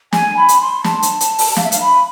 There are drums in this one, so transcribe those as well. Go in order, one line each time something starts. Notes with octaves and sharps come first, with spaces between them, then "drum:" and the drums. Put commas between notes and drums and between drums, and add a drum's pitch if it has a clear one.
G#5, drum: snare
B5
drum: hi-hat
C6
A5, drum: snare
drum: hi-hat
drum: hi-hat
drum: open hi-hat
F5, drum: snare
E5
F5, drum: hi-hat
B5